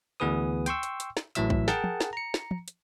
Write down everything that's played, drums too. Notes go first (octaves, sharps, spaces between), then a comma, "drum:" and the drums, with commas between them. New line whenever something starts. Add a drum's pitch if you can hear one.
D2 E3 B3 G#4 B4 D#6
G5 C6 C#6 E6, drum: hi-hat
drum: hi-hat
drum: hi-hat
drum: snare
A1 A2 E3 F#3 E5 E6, drum: hi-hat
drum: kick
G#4 A#4 F#5 G5 A5, drum: snare
drum: tom
drum: snare
A#5 C#7
drum: snare
drum: tom
drum: hi-hat